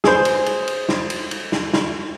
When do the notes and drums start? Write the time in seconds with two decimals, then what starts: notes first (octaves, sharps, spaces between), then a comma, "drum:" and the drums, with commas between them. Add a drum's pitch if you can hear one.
0.04 G#4 C5, drum: snare
0.25 drum: cymbal
0.46 drum: cymbal
0.67 drum: cymbal
0.89 drum: snare
1.10 drum: cymbal
1.31 drum: cymbal
1.52 drum: snare
1.73 drum: snare